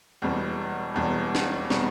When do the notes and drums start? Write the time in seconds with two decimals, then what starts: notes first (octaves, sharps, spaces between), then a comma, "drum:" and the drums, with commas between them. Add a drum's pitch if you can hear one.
0.22 E1 E2 B2 G3
0.94 E1 E2 B2 G3
1.35 drum: snare
1.70 B2 G3, drum: snare